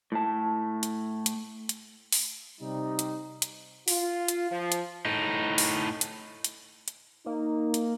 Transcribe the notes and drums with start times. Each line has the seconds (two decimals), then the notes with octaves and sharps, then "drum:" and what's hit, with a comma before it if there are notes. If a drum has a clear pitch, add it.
0.12 A2 A5
0.83 drum: hi-hat
1.26 drum: hi-hat
1.69 drum: hi-hat
2.12 drum: open hi-hat
2.61 C3 G3 D#4
2.99 drum: hi-hat
3.42 drum: hi-hat
3.88 F4, drum: open hi-hat
4.28 drum: hi-hat
4.50 F3
4.72 drum: hi-hat
5.05 A2 D#4
5.58 drum: open hi-hat
6.01 drum: hi-hat
6.44 drum: hi-hat
6.88 drum: hi-hat
7.26 A#3 D#4
7.74 drum: hi-hat